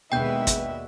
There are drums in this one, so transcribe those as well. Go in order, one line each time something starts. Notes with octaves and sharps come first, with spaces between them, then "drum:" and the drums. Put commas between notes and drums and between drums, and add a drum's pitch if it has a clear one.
D#2 B2 G#3 D4 B4 E5 G5 G6
drum: kick, hi-hat